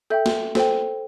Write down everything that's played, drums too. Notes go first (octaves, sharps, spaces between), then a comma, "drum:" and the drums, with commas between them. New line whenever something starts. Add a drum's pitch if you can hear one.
A4 E5 G5 G6
drum: snare
A4 C5 G5, drum: snare